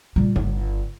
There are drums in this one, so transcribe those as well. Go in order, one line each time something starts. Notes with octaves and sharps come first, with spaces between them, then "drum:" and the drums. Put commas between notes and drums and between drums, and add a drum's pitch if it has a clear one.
A#2 G3
G1, drum: tom C#3